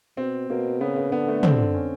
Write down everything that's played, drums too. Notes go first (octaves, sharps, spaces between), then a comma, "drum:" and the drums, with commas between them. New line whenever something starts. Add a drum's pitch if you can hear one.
B2 C4
B2 A#3
C#3 B3
B3
D3 B3
A3
C4, drum: tom
C#4